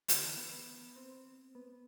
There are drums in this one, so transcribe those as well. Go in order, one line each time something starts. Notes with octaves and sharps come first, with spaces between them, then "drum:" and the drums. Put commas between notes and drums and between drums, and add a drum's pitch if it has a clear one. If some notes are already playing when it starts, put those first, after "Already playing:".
D3, drum: hi-hat
E3
B3
B3
C4
B3